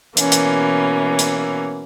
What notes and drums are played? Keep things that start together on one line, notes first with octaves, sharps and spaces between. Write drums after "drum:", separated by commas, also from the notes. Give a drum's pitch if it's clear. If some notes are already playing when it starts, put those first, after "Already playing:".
B2 E3 A#3 C#4, drum: hi-hat
drum: hi-hat
drum: hi-hat